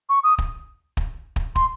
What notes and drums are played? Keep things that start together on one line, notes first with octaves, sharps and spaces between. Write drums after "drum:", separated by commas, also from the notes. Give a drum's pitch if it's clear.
C#6
D#6
drum: kick
drum: kick
drum: kick
C6, drum: kick